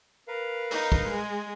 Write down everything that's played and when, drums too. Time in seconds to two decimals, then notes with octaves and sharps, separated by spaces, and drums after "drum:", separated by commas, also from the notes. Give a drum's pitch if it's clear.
0.28 A#4 B4 F5
0.71 D#4, drum: open hi-hat
0.92 drum: kick
1.09 G#3